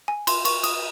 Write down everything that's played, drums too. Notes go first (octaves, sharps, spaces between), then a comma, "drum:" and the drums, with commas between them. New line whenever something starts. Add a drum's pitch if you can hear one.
G#5
C6, drum: cymbal
C#6, drum: cymbal
D#6, drum: cymbal